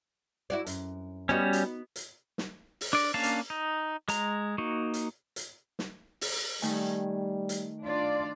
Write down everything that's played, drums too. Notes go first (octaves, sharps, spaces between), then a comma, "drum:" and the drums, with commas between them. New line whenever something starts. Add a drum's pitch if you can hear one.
E4 F#4 D5
F#2, drum: hi-hat
G3 B3 C#4 D#4 F#4
drum: hi-hat
drum: hi-hat
drum: snare
drum: open hi-hat
D4 D5
A#3 C#4 D4 F5 A5
drum: hi-hat
D#4
G#3 A#5, drum: hi-hat
A#3 D#4 F#4
drum: hi-hat
drum: hi-hat
drum: snare
drum: open hi-hat
D#3 G3 A3 G#5, drum: hi-hat
drum: hi-hat
D4 F4 D5